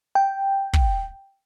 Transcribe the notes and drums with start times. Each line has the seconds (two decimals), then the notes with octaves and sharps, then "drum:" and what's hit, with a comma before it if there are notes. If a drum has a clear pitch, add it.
0.15 G5
0.73 drum: kick